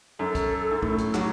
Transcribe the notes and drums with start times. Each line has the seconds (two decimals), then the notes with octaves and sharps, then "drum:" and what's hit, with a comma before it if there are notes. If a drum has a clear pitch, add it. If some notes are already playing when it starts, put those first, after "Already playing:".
0.19 F#2 A4
0.35 drum: kick, hi-hat
0.71 F#2
0.82 A2, drum: kick
0.98 drum: hi-hat
1.14 F#3, drum: clap